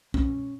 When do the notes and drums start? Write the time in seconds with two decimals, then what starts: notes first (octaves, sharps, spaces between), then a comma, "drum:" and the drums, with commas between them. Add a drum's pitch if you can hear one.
0.14 C#4, drum: kick B1